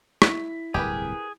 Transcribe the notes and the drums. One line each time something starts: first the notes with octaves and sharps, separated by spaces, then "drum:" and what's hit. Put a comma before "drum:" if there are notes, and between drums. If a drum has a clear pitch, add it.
E4 B6, drum: rim click
D1 C2 G2 G4 G#4 A#4 B4